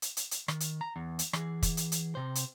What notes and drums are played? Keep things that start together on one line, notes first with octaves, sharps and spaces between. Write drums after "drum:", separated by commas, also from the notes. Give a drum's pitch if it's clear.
drum: hi-hat
drum: hi-hat
drum: hi-hat
D#3, drum: rim click
drum: hi-hat
A#5
E2
drum: hi-hat
E3 G#4, drum: rim click
drum: kick, hi-hat
drum: hi-hat
drum: hi-hat
C3 C5
drum: hi-hat